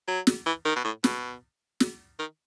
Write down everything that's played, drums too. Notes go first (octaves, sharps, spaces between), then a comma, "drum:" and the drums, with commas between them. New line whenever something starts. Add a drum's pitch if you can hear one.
F#3
drum: snare
E3
D#3
B2
A2
B2, drum: snare
drum: snare
D#3